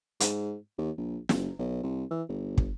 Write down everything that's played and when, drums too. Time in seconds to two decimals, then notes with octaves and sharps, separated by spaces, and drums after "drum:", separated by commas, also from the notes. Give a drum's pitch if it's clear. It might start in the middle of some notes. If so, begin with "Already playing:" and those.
0.20 G#2, drum: hi-hat
0.78 D#2
0.97 A#1
1.29 F#1, drum: snare
1.59 B1
1.83 C2
2.11 E3
2.28 G1
2.58 drum: kick